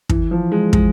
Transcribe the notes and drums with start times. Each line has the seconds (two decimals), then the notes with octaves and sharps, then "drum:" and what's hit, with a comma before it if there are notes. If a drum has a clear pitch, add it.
0.09 E3, drum: kick
0.31 F3
0.52 G#3
0.73 G#3, drum: kick